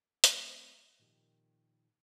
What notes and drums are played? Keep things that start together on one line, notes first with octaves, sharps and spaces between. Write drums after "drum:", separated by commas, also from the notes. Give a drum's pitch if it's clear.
F#3 A3 B3 C4 G4 A4, drum: hi-hat
A#2 D#3 F3 G4